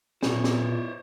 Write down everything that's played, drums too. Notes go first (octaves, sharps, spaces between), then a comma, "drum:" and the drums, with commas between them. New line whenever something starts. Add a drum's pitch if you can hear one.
E2 A#2 C5 C#5, drum: snare
drum: snare